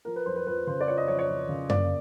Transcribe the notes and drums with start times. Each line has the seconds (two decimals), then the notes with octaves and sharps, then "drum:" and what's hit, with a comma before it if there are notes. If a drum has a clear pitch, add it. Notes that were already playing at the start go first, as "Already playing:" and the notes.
0.05 F3 A#4
0.16 B4
0.26 F2 C5
0.36 B4
0.47 F2 B4
0.67 C#3 C5
0.81 D5
0.88 F3 C#5
0.97 D#5
1.08 F2 C#5
1.19 C#5
1.29 F2
1.49 C#3
1.70 A#3 D5, drum: tom F#2